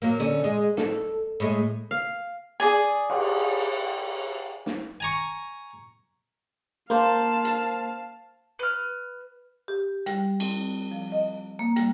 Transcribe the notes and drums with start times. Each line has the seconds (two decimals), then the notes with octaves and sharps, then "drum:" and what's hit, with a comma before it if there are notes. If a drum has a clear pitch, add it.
0.02 F#3 A#3
0.20 D3 C#4
0.44 G#3
0.77 A4, drum: snare
1.40 A2 G#3 A3
1.91 F5
2.60 G#4 D5 G#5
3.10 drum: cymbal
4.66 drum: snare
5.00 G#5 A#5 C#6
6.90 A#3 C5 F5 A5
7.45 drum: hi-hat
8.59 B4 F6
9.68 G4
10.06 G3, drum: hi-hat
10.40 C4, drum: cymbal
10.91 F3
11.12 D#5
11.59 A#3
11.76 G3, drum: hi-hat